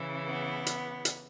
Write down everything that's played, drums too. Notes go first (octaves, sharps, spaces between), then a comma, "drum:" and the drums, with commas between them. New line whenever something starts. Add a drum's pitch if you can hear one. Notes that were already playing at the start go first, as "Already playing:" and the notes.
Already playing: C#3 E3
B3
drum: hi-hat
drum: hi-hat